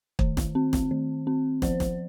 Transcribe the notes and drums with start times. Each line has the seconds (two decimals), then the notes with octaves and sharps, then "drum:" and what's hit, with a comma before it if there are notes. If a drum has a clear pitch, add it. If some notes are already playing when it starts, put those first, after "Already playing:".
0.19 D#3, drum: kick
0.37 drum: snare
0.55 C4
0.73 drum: snare
0.91 D#3
1.27 C4
1.62 F3 C5, drum: snare
1.80 drum: snare